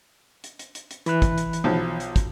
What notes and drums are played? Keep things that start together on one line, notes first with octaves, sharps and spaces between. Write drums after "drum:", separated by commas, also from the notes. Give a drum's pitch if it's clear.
drum: hi-hat
drum: hi-hat
drum: hi-hat
drum: hi-hat
E3 B5 F#6, drum: hi-hat
drum: kick, hi-hat
drum: hi-hat
drum: hi-hat
B1 F3 A5
drum: hi-hat
drum: kick, hi-hat